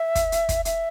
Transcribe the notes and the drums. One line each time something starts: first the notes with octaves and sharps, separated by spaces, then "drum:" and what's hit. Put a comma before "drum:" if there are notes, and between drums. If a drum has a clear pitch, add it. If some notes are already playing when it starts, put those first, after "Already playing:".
Already playing: E5
drum: kick, hi-hat
drum: hi-hat
drum: kick, hi-hat
E5, drum: hi-hat